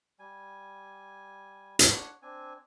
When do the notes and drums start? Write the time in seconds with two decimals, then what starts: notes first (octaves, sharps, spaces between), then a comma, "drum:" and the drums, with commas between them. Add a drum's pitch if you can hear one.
0.19 G3 G#5
1.79 D4 C#5 F#5, drum: hi-hat
2.22 C4 D4 G#5